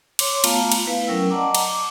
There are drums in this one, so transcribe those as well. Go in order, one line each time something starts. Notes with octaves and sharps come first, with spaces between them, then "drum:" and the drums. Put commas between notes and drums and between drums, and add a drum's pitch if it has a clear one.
C#5 C6 D6, drum: cymbal
A3 B3 F4 F5 A5 A#5, drum: cymbal
drum: cymbal
A3 B3 E4 B4 F5
F#3 C#4 A#4 G5 E6
D5 D#5 F#5 A5 A#5 D6
drum: cymbal
D6